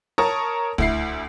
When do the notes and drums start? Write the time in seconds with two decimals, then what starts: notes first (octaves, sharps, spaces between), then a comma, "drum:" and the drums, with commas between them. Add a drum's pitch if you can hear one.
0.18 A#4 C#5 A5 A#5 C#6 D#6
0.78 D2 E4 C7, drum: kick